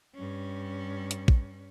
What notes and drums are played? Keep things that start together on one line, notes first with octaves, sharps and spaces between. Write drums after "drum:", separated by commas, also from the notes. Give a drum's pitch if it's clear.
G2 C#4
drum: hi-hat
drum: kick A#1